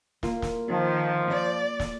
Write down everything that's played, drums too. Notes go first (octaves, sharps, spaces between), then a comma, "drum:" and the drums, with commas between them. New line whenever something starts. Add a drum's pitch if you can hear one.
A#3 F4, drum: snare
drum: snare
D#3 F3
D5
drum: snare